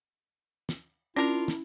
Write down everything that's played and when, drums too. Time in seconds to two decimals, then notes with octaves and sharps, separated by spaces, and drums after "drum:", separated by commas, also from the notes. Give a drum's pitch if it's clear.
0.69 drum: snare
1.16 C#4 D4 E4 F4 A#4
1.48 drum: snare